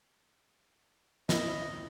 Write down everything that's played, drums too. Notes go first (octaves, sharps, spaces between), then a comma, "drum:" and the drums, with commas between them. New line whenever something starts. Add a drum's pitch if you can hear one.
E4 D#5, drum: snare